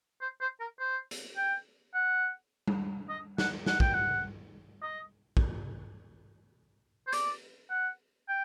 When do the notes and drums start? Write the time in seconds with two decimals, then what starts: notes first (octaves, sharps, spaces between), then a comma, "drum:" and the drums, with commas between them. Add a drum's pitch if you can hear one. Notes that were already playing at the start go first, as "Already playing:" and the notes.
0.21 C5
0.40 C5
0.60 A#4
0.79 C5
1.11 drum: hi-hat
1.36 G5
1.94 F#5
2.67 drum: tom G3
3.09 D#5
3.38 F#5, drum: snare
3.66 F#5, drum: snare
3.80 G5, drum: kick
3.94 F#5
4.82 D#5
5.37 drum: kick
7.07 C5
7.12 D5, drum: hi-hat
7.70 F#5
8.29 G5